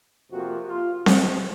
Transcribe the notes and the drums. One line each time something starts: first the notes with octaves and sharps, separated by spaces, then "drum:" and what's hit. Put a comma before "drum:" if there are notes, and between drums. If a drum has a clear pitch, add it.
F2 C3 F3 A#3 F#4
F4
B2 G#3 C4, drum: snare C4